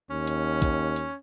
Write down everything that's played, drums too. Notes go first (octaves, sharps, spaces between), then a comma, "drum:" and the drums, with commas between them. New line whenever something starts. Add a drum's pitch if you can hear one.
D#2 C#4
drum: hi-hat
drum: kick, hi-hat
drum: hi-hat